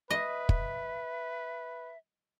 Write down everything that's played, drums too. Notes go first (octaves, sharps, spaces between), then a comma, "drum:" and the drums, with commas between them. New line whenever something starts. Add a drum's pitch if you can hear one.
B4 D#5 E5
drum: kick